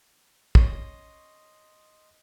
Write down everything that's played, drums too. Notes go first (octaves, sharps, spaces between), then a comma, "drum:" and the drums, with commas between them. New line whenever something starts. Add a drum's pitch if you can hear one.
C#4 D#5 C6 C#6 D#6, drum: kick